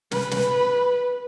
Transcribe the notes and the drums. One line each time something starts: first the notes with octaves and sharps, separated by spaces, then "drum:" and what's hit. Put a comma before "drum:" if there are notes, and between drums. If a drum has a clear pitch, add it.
B4, drum: snare
drum: snare